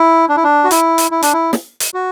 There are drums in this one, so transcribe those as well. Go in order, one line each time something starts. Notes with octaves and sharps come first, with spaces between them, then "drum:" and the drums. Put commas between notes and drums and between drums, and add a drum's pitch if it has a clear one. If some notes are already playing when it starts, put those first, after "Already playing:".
Already playing: E4
D4
E4
D4
F#4
E4, drum: hi-hat
drum: hi-hat
E4
D4, drum: hi-hat
E4
drum: snare
drum: hi-hat
F#4